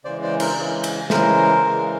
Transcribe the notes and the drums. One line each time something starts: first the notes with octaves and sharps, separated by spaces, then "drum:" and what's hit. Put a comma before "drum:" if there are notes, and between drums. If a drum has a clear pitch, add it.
C#3 E3 G#3 C5 D5
C5 D5
A#4 C5, drum: cymbal
C#3 E3 G#3
drum: cymbal
C#3 E3 G#3 A#4 C5, drum: snare
C#3 E3 G#3